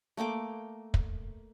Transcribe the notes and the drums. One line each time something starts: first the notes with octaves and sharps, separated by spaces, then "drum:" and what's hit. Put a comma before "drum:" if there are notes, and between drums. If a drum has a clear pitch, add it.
A3 A#3 G5 D6
drum: kick